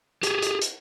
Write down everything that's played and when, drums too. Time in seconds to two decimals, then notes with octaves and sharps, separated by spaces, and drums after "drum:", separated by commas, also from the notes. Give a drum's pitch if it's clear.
0.23 G4 G#4, drum: hi-hat
0.42 drum: hi-hat
0.61 drum: hi-hat